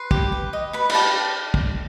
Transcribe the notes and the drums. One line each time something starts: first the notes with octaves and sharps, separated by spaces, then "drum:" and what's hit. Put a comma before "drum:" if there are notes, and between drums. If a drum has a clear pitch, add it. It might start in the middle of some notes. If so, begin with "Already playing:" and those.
Already playing: B4 C6
G4, drum: kick
B4
D#5
B4 B5
B5, drum: cymbal
G4 A5
drum: kick